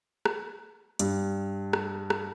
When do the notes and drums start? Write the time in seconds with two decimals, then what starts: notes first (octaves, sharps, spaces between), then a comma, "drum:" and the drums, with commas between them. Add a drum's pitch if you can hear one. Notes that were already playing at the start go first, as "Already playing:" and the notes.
0.26 drum: rim click
0.99 G2, drum: hi-hat
1.73 drum: rim click
2.10 drum: rim click